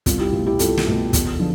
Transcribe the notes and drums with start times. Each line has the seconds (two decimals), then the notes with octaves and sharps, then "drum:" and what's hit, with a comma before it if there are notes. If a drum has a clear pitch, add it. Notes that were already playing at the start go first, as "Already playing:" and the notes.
0.06 C2 F4, drum: kick, hi-hat
0.19 E4 G4
0.33 B2 A3 F4
0.46 E4 G4
0.59 C2 F4 A4, drum: hi-hat
0.77 drum: snare
0.87 B2 A3
1.13 E2, drum: kick, hi-hat
1.40 D3 F3